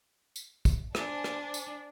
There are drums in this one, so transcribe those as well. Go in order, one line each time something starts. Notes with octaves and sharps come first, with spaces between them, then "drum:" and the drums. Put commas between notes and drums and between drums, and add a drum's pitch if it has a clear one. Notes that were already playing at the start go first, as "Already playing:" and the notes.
drum: tambourine
drum: kick, tambourine
D4 C5 G#5 A5, drum: rim click
drum: rim click
drum: tambourine